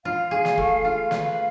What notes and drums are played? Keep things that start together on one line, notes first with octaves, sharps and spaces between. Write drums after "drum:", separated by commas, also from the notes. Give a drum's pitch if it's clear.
F4 F5
G#4
drum: snare
A3, drum: kick
F4
B4 F5, drum: snare